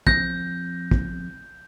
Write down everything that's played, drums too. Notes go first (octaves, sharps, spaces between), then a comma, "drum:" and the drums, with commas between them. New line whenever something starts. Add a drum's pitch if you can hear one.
F2 G6 A#6, drum: kick
drum: kick